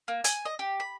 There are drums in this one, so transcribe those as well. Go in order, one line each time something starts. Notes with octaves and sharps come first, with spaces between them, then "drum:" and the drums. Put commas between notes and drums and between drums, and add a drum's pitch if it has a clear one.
A#3
G#5, drum: hi-hat
D#5
G4
B5